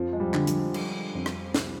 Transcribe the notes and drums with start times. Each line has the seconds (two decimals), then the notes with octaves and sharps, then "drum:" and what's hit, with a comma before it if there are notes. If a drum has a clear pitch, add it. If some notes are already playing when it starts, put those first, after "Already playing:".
Already playing: F2 F3
0.13 G#3
0.20 G3
0.34 D3, drum: clap
0.47 G3, drum: hi-hat
0.74 F3, drum: cymbal
1.15 F2
1.26 drum: rim click
1.54 C2, drum: snare